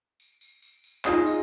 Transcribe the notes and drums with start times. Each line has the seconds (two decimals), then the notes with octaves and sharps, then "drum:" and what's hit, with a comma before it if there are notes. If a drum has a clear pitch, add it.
0.20 drum: tambourine
0.41 drum: tambourine
0.62 drum: tambourine
0.84 drum: tambourine
1.05 D#4 F4 G#4 D#5, drum: clap
1.26 drum: tambourine